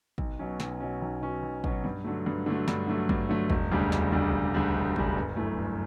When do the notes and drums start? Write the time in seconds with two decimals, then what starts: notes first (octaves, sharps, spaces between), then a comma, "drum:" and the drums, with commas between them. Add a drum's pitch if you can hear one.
0.18 B1, drum: kick
0.39 B2 F#3 C#4
0.60 B1, drum: snare
0.80 B2 F#3 C#4
1.02 B1
1.22 B2 F#3 C#4
1.43 B1
1.64 B2 F#3 C#4, drum: kick
1.84 G2
2.04 D3 F#3 A3
2.26 G2
2.46 D3 F#3 A3
2.68 G2, drum: snare
2.87 D3 F#3 A3
3.09 G2, drum: kick
3.29 D3 F#3 A3
3.50 E1, drum: kick
3.71 D2 C#3 G3 D4
3.92 E1, drum: snare
4.12 D2 C#3 G3 D4
4.33 E1
4.54 D2 C#3 G3 D4
4.75 E1
4.96 D2 C#3 G3 D4, drum: kick
5.16 G1
5.37 F#2 E3 A3
5.58 G1